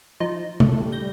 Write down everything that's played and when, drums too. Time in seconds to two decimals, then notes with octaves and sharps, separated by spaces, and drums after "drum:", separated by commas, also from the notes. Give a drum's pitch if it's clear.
0.20 F3 D#4
0.60 A3, drum: tom
0.80 G3
0.92 G6 A#6